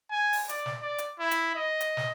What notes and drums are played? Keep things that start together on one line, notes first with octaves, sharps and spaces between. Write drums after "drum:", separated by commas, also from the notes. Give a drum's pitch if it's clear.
G#5
drum: open hi-hat
D5, drum: hi-hat
drum: snare
D5
drum: hi-hat
E4
drum: hi-hat
D#5
drum: hi-hat
drum: snare